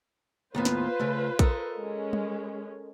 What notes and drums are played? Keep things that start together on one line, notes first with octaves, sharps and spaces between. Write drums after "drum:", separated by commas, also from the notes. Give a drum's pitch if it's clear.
D#2 A2 B3 F4 B4 C5
drum: snare
C#3 A3
A4 A#4 D#5, drum: kick A#1, hi-hat
G#3 C#4
drum: tom G3